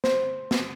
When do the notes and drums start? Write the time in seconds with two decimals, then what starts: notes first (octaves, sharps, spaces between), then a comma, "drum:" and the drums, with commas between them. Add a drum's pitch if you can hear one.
0.04 C5, drum: snare
0.51 drum: snare